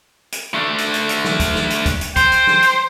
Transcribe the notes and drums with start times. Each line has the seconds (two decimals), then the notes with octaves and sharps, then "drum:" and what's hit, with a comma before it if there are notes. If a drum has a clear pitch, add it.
0.32 drum: hi-hat
0.55 A3 D4
0.78 drum: hi-hat
0.94 drum: hi-hat
1.09 drum: hi-hat
1.24 drum: snare
1.40 drum: kick, hi-hat
1.55 drum: snare
1.70 drum: hi-hat
1.86 drum: kick, hi-hat
2.01 drum: hi-hat
2.16 C5 G5, drum: kick, hi-hat
2.32 drum: hi-hat
2.47 drum: snare
2.62 drum: hi-hat